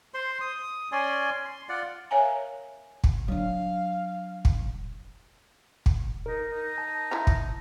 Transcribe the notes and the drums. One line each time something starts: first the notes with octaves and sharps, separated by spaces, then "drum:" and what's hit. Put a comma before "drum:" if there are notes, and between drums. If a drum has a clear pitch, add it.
C5 C6
D#6
C#4 D5 G#5 C6
C6
F4 D5 F#5
A#4 C#5 E5 F5 G#5 A#5
drum: kick
F#3 D4 F5
drum: kick
drum: kick
D#4 A#4
D#4
A5
E4 E5 A#5
drum: kick